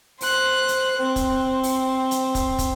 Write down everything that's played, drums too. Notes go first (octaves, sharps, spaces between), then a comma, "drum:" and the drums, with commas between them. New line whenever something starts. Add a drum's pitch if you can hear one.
C5 F#6, drum: open hi-hat
drum: hi-hat
C4
drum: kick, hi-hat
drum: open hi-hat
drum: hi-hat
drum: kick, hi-hat
drum: kick, hi-hat